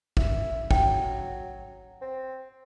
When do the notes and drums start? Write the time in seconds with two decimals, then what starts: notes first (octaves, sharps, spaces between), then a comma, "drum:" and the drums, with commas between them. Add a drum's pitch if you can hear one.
0.17 E4, drum: kick
0.71 F#3 G5, drum: kick
2.01 C4